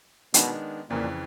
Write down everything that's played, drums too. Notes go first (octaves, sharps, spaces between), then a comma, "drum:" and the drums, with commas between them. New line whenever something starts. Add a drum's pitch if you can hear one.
B2 D#3 G#3 B3 D4, drum: hi-hat
F2 A#2 C#3 E3